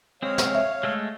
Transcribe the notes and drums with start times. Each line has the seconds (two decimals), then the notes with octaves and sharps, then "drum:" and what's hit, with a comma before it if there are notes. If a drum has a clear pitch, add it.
0.22 G#3 C4 C#5 F5
0.38 drum: snare
0.55 E5
0.83 G#3 A3 A4